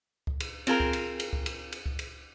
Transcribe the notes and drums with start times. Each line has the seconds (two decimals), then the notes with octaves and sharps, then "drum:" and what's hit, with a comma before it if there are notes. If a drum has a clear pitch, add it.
0.27 drum: kick C#2
0.40 drum: cymbal
0.67 C4 F4 G#4 A#4, drum: cymbal
0.80 drum: kick C#2
0.93 drum: cymbal
1.20 drum: cymbal
1.33 drum: kick C#2
1.46 drum: cymbal
1.72 drum: cymbal
1.86 drum: kick C#2
1.99 drum: cymbal